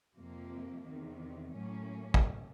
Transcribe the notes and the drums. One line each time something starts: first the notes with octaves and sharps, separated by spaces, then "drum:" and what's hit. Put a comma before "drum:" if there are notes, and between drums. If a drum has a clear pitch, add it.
F2 C3 F3 A#3
E2 C3 D#3
A2 F#3 A#3 C#4
drum: kick